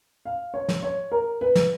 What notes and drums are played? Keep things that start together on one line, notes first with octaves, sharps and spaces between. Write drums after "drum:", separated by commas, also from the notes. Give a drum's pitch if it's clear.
F5
C#5
drum: snare
C#5
A#4
B4
drum: snare